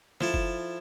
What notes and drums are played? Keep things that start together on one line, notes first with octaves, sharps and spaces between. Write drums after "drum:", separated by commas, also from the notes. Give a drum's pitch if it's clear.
F3 E4 A4, drum: snare
drum: kick F#1